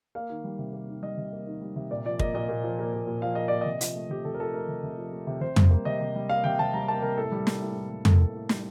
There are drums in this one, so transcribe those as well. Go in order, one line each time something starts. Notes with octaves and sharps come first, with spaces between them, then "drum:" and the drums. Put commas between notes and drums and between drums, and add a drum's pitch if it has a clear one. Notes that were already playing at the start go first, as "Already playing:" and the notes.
A#3 F5
D#3
G3
C3
A#3
D#3
G3 D#5
C3
A#3
D#3
G3
C3
A#2 D5
F3 D5
A#3 D#5, drum: kick
A#2 D#5
A#2
F3
A#3
A#2
A#2
F3 F5
A#3 D#5
A#2 D5
C3 D#5
F3, drum: hi-hat
A3
C3 G4
C3 A4
A#4
F3 A4
A3 A#4
C3
C3
F3
A3
C3
C3 C5
G3, drum: tom
A#3
C3 D#5
C3
G3
A#3 F5
C3 G5
C3 A5
G3 A#5
A#3 A5
C3 A#4
A2 A4
G3
A#3, drum: snare
A2
A2
G3
A#3 A4, drum: tom
A2
A2
G3, drum: snare